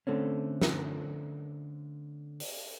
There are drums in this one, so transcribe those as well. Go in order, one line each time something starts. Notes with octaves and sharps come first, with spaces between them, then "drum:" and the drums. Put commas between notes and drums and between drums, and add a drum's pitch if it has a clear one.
D3 A3 C4 C#4
drum: snare F4
drum: open hi-hat